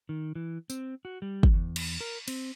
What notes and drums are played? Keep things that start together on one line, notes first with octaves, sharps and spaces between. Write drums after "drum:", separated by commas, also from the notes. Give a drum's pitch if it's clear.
D#3
E3
C4, drum: tambourine
F#4
G3
drum: kick
E2
drum: cymbal
A#4
C4, drum: cymbal